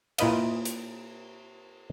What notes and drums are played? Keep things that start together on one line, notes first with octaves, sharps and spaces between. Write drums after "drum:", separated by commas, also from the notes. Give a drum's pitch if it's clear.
A#2 E4 B4 D#5 F5, drum: cymbal
drum: hi-hat